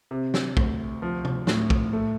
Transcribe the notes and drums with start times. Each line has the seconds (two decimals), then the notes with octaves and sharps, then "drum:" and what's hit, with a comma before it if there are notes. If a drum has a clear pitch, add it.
0.11 C3
0.34 drum: snare
0.57 D2, drum: kick
1.02 F3
1.25 drum: tom
1.47 A2, drum: snare
1.70 drum: kick
1.93 A3